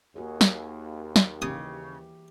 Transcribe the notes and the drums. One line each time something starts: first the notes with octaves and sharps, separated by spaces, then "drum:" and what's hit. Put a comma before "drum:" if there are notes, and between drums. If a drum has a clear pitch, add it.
D#2 A#3 F#4 G#4
drum: snare
drum: snare
C#3 E3 G4 D#6